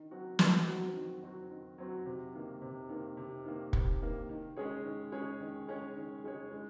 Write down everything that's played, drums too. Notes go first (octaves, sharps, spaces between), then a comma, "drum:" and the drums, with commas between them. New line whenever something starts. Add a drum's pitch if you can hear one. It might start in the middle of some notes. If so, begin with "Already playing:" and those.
Already playing: D#3
F#3 C4 F#4
D#3, drum: snare
F#3 C4 F#4
D#3
F#3 C4 F#4
D#3
F#3 C4 F#4
C3
D#3 A#3
C3
D#3 A#3
C3
D#3 A#3
C3, drum: kick
D#3 A#3
D#3
G#3 C#4 G#4 C#5
D#3
G#3 C#4 G#4 C#5
D#3
G#3 C#4 G#4 C#5
D#3
G#3 C#4 G#4 C#5
G#3